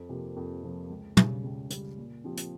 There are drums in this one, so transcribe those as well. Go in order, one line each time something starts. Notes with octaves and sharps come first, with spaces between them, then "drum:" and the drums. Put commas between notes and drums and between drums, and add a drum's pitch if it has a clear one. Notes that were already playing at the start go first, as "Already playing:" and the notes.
Already playing: F2
C3 F3 A#3
F2
C3 F3 A#3
C#2
C#3 G3, drum: tom
C#2
C#3 G3, drum: hi-hat
A#2
F3 C4 G4
drum: hi-hat